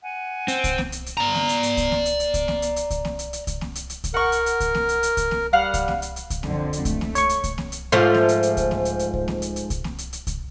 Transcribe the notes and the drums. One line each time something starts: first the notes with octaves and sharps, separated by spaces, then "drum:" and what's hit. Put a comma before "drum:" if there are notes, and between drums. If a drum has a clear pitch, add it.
F#5 G#5
C4, drum: hi-hat
drum: kick C2, hi-hat
drum: snare A#3
drum: hi-hat
drum: hi-hat
D5 A#5
drum: snare A#3
drum: hi-hat
drum: hi-hat
drum: kick C2, hi-hat
drum: snare A#3
drum: hi-hat
drum: hi-hat
drum: kick C2, hi-hat
drum: snare A#3
drum: hi-hat
drum: hi-hat
drum: kick C2, hi-hat
drum: snare A#3
drum: hi-hat
drum: hi-hat
drum: kick C2, hi-hat
drum: snare A#3
drum: hi-hat
drum: hi-hat
drum: kick C2, hi-hat
A#4 F#5 C#6
drum: hi-hat
drum: hi-hat
drum: kick C2, hi-hat
drum: snare A#3
drum: hi-hat
drum: hi-hat
drum: kick C2, hi-hat
drum: snare A#3
G3 F5 F#5
drum: kick C2, hi-hat
drum: snare A#3
drum: hi-hat
drum: hi-hat
drum: kick C2, hi-hat
F2 D3 F3, drum: snare A#3
drum: hi-hat
A3, drum: kick C2, hi-hat
drum: snare A#3
C#5 C#6, drum: hi-hat
drum: hi-hat
drum: kick C2, hi-hat
drum: snare A#3
drum: hi-hat
G#2 F3 A3
drum: snare A#3
drum: hi-hat
drum: hi-hat
drum: kick C2, hi-hat
drum: snare A#3
drum: hi-hat
drum: hi-hat
drum: kick C2
drum: snare A#3
drum: hi-hat
drum: hi-hat
drum: kick C2, hi-hat
drum: snare A#3
drum: hi-hat
drum: hi-hat
drum: kick C2, hi-hat